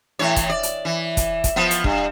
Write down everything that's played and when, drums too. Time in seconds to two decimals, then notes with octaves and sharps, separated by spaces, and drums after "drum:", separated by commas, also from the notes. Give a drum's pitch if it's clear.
0.19 A2 E3 C#5
0.36 drum: kick, hi-hat
0.49 D5
0.63 drum: hi-hat
0.85 E3
1.17 drum: kick, hi-hat
1.44 drum: kick, hi-hat
1.56 F3 B3
1.71 drum: hi-hat
1.84 G2, drum: kick